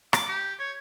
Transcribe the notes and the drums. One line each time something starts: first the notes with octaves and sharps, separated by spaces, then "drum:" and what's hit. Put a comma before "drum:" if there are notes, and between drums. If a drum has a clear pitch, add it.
D6, drum: rim click
G4
C#5